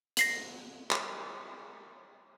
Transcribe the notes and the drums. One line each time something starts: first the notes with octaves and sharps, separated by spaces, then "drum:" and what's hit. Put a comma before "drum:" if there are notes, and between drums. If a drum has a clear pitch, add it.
A#6 C7 F#7, drum: hi-hat
drum: clap